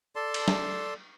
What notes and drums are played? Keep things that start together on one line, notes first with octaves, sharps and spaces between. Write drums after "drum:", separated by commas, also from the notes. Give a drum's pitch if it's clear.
A4 D5 A5 C6
drum: cymbal
drum: snare